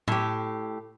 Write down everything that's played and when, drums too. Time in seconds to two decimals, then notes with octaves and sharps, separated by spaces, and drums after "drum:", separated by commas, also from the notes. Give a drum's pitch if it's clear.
0.08 A2 G4, drum: tom A2